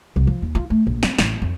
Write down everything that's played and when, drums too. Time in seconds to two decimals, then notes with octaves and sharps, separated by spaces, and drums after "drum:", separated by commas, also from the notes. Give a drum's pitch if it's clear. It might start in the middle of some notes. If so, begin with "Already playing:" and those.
0.16 C2
0.27 F3
0.42 D#2
0.55 F4
0.70 A3
0.87 A#1
1.03 C4, drum: snare
1.18 A1, drum: snare
1.42 F2